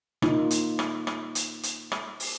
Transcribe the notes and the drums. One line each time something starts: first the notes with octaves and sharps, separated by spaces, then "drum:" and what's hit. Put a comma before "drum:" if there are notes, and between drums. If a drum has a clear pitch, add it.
A#3 D#4 F4, drum: rim click
drum: hi-hat
drum: rim click
drum: rim click
drum: hi-hat
drum: hi-hat
drum: rim click
drum: open hi-hat